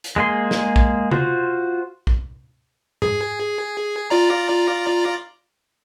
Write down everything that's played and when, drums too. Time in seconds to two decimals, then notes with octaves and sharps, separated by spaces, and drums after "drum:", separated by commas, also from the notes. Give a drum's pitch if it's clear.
0.04 drum: hi-hat
0.16 G#3 A#3 G#4 C6
0.51 drum: snare
0.76 drum: kick
1.11 F4 F#4 C5, drum: tom C#3
2.07 drum: kick
3.02 G#4, drum: tom G#2
4.10 F4 D5 A#5